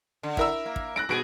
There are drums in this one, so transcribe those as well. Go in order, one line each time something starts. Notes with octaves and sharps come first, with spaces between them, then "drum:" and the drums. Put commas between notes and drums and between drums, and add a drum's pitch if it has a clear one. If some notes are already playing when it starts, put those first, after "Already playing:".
D3
E4 A#4 E6, drum: kick
A#3
drum: kick
G#2 F#6 A#6 D7
G2 B2 B3 G#4 D7